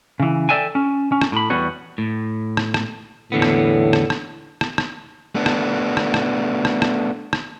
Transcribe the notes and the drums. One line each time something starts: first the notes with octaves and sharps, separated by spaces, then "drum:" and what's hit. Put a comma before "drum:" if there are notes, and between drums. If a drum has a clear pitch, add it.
C#3 E3
A4 A#4 D5 E5 G5 G#5
C#4
C#4
drum: rim click
A2 B5
E2 G3 B3 F#4 C#5
A2
drum: rim click
drum: rim click
E2 A2 D3 B3
drum: rim click
drum: rim click
drum: rim click
drum: rim click
drum: rim click
A3 B3 D4
drum: rim click
drum: rim click
drum: rim click
drum: rim click
drum: rim click
drum: rim click